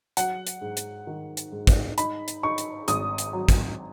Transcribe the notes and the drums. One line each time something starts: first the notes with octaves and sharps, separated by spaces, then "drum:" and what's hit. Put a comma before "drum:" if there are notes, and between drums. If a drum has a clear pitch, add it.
F#3 F#5, drum: hi-hat
drum: hi-hat
G#2
drum: hi-hat
D#3
drum: hi-hat
G#2
drum: kick, hi-hat
D#4 B5, drum: hi-hat
drum: hi-hat
D#4 C#6
drum: hi-hat
G#1 D#6, drum: hi-hat
drum: hi-hat
F#3
drum: kick, hi-hat